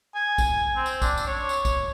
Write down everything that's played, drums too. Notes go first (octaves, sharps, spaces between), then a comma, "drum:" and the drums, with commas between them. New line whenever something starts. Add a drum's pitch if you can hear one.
G#5
drum: kick A#1, tambourine
C4
drum: tambourine
D4, drum: kick A#1, tambourine
drum: tambourine
C#5
drum: tambourine
drum: kick A#1, tambourine